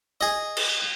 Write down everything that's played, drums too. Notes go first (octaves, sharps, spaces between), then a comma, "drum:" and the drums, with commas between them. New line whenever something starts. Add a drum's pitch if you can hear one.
G#4 D#5
drum: cymbal